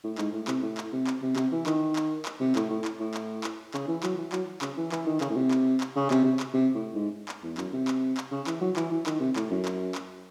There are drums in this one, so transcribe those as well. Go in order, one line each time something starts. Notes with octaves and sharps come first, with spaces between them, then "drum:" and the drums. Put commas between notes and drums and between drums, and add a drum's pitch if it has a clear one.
A2
G#2, drum: clap
A2
C3, drum: clap
A2
drum: clap
C3
drum: clap
C3
C3, drum: clap
E3
D#3, drum: clap
drum: clap
drum: clap
C3
A2, drum: clap
A2
drum: clap
A2
drum: clap
drum: clap
C#3, drum: clap
E3
F#3, drum: clap
E3
F#3, drum: clap
C#3, drum: clap
E3
E3, drum: clap
D#3
C#3, drum: clap
A2
C3
drum: clap
drum: clap
C#3
C3, drum: clap
C3
drum: clap
C3
A2
G#2
drum: clap
E2
F#2, drum: clap
C3
drum: clap
drum: clap
C#3
E3, drum: clap
F#3
E3, drum: clap
E3
D#3, drum: clap
C3
A2, drum: clap
F#2
drum: clap
drum: clap